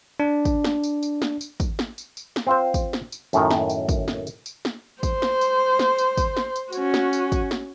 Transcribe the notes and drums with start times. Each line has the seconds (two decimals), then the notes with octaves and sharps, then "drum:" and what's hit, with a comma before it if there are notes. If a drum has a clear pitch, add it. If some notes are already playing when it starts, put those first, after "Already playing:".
0.20 D4
0.45 drum: kick, tambourine
0.64 drum: snare
0.84 drum: tambourine
1.03 drum: tambourine
1.22 drum: snare
1.41 drum: tambourine
1.60 drum: kick, tambourine
1.79 drum: snare
1.98 drum: tambourine
2.17 drum: tambourine
2.36 drum: snare
2.47 C4 F4 C5
2.74 drum: kick, tambourine
2.93 drum: snare
3.12 drum: tambourine
3.33 F#2 A2 D#3, drum: tambourine
3.51 drum: snare
3.70 drum: tambourine
3.89 drum: kick, tambourine
4.08 drum: snare
4.27 drum: tambourine
4.46 drum: tambourine
4.65 drum: snare
5.03 C5, drum: kick, tambourine
5.22 drum: snare
5.41 drum: tambourine
5.79 drum: snare
5.98 drum: tambourine
6.18 drum: kick, tambourine
6.37 drum: snare
6.56 drum: tambourine
6.72 C#4 F#4, drum: tambourine
6.94 drum: snare
7.13 drum: tambourine
7.32 drum: kick, tambourine
7.51 drum: snare